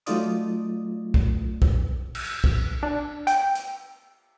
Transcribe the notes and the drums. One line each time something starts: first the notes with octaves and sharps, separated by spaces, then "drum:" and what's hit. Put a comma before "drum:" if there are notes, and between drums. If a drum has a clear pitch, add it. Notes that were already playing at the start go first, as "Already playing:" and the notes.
F#3 A3 D#4 F4 D5 D#6, drum: hi-hat
drum: kick
drum: kick
drum: cymbal
drum: kick
D4
G5, drum: hi-hat
drum: hi-hat